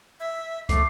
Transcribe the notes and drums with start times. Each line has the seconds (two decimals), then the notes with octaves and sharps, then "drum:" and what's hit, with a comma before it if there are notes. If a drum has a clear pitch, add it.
0.20 E5
0.69 A3 D6 C7, drum: kick, hi-hat